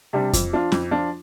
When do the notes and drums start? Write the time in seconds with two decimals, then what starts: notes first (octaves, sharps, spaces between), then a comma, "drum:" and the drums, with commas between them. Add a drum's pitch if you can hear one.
0.13 C3 G3 D4
0.33 F2, drum: kick F2, hi-hat
0.53 F3 D4 F4
0.72 F2, drum: snare C#4
0.91 F3 D4 F4